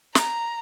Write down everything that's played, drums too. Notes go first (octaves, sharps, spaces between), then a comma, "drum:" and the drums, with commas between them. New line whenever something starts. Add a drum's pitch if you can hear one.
A#5, drum: snare